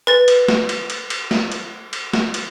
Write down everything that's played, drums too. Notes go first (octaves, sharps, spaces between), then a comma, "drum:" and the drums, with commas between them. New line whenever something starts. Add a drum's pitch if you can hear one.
B4 A6
drum: cymbal
drum: snare
drum: cymbal
drum: cymbal
drum: cymbal
drum: snare
drum: cymbal
drum: cymbal
drum: snare
drum: cymbal